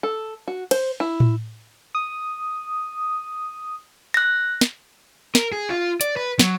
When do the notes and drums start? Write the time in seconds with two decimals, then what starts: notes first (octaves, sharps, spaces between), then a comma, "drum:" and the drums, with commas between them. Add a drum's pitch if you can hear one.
0.03 A4
0.48 F#4
0.71 C5, drum: cymbal
1.00 E4
1.20 drum: tom A2
1.95 D#6
4.14 F#6 A#6
4.61 drum: snare
5.35 A#4, drum: snare
5.52 G#4
5.70 F4
6.01 D5, drum: hi-hat
6.17 B4
6.39 F#3, drum: snare